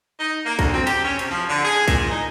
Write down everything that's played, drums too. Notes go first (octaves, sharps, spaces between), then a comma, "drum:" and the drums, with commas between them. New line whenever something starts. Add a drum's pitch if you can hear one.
D#4
A#3
D2, drum: kick, cymbal
C4
G4, drum: cymbal
C#4
C3, drum: cymbal
F3
D3
G#4
A#2, drum: kick, cymbal
D#4